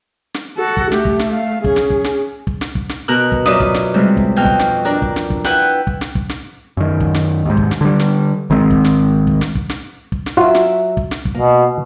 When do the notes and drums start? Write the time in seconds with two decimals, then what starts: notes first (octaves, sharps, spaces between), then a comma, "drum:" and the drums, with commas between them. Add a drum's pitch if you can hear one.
0.34 drum: snare
0.57 F#4 A4
0.77 drum: kick
0.92 A3 G4, drum: snare
1.05 drum: kick
1.19 drum: snare
1.31 F5
1.64 C#4 G#4, drum: kick
1.76 drum: snare
1.90 drum: kick
2.04 drum: snare
2.47 drum: kick
2.61 drum: snare
2.75 drum: kick
2.89 drum: snare
3.08 B2 F#4 A#4 F6 F#6
3.32 drum: kick
3.46 F#2 F4 B4 D5 E5 D#6, drum: snare
3.60 drum: kick
3.74 drum: snare
3.94 C3 G3 G#3
4.17 drum: kick
4.36 F2 B2 G5 F6
4.45 drum: kick
4.59 drum: snare
4.85 D4 A#4 D5
5.02 drum: kick
5.16 drum: snare
5.30 drum: kick
5.44 E4 B4 F#5 G5, drum: snare
5.87 drum: kick
6.01 drum: snare
6.15 drum: kick
6.29 drum: snare
6.77 F#2 D#3
7.00 drum: kick
7.14 drum: snare
7.45 D#2 G#2
7.57 drum: kick
7.71 drum: snare
7.81 D3 G3
7.99 drum: snare
8.50 G#1 D#3 G#3 C4
8.70 drum: kick
8.84 drum: snare
9.27 drum: kick
9.41 drum: snare
9.55 drum: kick
9.70 drum: snare
10.12 drum: kick
10.26 drum: snare
10.37 F#3 F4 F#4 E5
10.55 drum: snare
10.97 drum: kick
11.11 drum: snare
11.25 drum: kick
11.34 B2 A#3